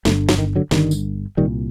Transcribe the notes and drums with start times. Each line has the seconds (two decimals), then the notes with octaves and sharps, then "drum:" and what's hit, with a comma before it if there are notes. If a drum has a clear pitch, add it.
0.05 G1 G2 D3 F#3 A3, drum: snare
0.29 F#3, drum: snare
0.38 D#3
0.56 D3 F#3
0.71 G1 G2 D3 D#3 G3, drum: snare
0.91 drum: tambourine
1.37 C2 A#2 D#3 G3